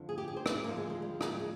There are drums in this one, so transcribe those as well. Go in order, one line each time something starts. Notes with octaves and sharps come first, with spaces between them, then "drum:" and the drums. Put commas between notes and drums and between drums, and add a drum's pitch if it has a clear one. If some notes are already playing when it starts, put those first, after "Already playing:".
Already playing: F2 D3 F3
G#4
G4
G#4
C5
D5, drum: rim click
G#4
D#2 D3 F3 A#3
G#3
G#3
G3
G#3, drum: rim click
G3
G#3